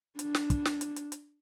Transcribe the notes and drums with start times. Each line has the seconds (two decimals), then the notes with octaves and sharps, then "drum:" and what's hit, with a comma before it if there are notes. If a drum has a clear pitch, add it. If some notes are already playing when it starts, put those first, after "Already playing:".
0.19 D4, drum: hi-hat
0.35 drum: snare
0.50 drum: kick, hi-hat
0.65 drum: snare
0.81 drum: hi-hat
0.96 drum: hi-hat
1.12 drum: hi-hat